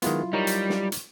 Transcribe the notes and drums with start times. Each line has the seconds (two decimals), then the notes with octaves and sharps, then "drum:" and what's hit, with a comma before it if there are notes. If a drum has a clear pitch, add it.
0.02 D#3 F#3 G#3 B3 E4 F4, drum: hi-hat
0.33 G3 D#4 A#4 C#5
0.47 drum: hi-hat
0.69 drum: snare
0.92 drum: hi-hat